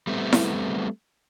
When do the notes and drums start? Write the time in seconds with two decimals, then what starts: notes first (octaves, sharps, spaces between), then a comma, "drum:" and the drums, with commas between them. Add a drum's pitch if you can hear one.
0.07 G3 A3 B3 C4
0.33 drum: snare E4